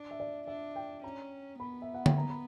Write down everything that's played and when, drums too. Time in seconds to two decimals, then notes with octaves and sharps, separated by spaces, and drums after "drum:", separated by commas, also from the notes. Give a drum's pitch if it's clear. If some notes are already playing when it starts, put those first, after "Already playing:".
Already playing: D4
0.11 E5
0.20 D5
0.47 D4 E5
0.76 G5
1.03 C#4 A#5
1.60 B3 B5
1.82 E5
1.94 F#5
2.06 G5, drum: tom D3
2.18 A#5
2.30 B5